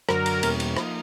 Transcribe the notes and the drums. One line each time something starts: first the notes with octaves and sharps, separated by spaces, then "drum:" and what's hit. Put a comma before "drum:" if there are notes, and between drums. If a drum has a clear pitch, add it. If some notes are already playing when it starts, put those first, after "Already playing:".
F#2 D3 F#3 A#4, drum: rim click
drum: cymbal
E2 B2 G3 A#3 C#4, drum: cymbal
drum: cymbal
F3 A#3 D#4, drum: rim click